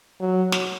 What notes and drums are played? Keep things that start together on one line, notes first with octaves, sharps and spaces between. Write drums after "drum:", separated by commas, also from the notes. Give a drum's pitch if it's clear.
F#3
drum: snare